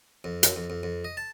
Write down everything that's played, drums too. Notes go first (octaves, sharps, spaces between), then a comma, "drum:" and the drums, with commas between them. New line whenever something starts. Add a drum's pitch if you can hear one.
F2
F#2, drum: hi-hat
F2
F2
F2
D#5
A5